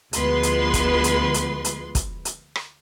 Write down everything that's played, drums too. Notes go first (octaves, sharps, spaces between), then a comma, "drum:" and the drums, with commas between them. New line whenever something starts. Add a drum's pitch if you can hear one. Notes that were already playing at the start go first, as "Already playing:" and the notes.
D2 F3 G#3 B3 B4 C6, drum: hi-hat
drum: hi-hat
drum: kick, hi-hat
drum: hi-hat
drum: hi-hat
drum: hi-hat
drum: kick, hi-hat
drum: hi-hat
drum: rim click